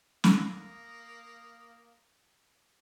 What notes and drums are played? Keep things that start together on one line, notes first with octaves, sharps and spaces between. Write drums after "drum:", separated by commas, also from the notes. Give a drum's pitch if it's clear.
A#3 D#6, drum: snare